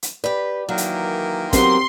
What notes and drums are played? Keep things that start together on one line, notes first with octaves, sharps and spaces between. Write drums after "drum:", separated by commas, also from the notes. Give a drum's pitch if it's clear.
drum: hi-hat
G4 B4 D5
D#3 E3 F#3 A#3
drum: hi-hat
F#3 B3 C4 G4 A#4 C6, drum: kick, hi-hat